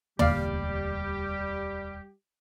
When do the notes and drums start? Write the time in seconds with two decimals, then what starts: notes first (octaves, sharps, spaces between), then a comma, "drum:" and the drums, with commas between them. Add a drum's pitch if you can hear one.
0.19 E1 D2 G3 A#3 G4 D5 F5, drum: tom